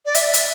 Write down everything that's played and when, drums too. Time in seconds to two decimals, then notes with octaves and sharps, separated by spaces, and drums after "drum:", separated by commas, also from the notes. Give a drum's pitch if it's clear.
0.05 D5
0.14 E5, drum: hi-hat
0.34 drum: hi-hat